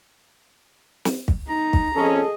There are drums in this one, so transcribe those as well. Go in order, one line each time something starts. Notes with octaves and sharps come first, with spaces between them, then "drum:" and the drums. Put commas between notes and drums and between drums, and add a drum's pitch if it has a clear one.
drum: snare
drum: kick
D#4 A#5
drum: kick
F2 C#4 G#4 A4 D#5